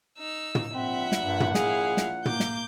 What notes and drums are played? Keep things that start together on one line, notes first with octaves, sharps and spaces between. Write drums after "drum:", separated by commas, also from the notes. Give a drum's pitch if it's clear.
D#4 E6
drum: tom
A#1 A#2 C4 E5 F#5 B5
drum: snare
G2
drum: tom
E4 G#4 F5, drum: snare
drum: snare
A#3 D6 G6, drum: tom
drum: snare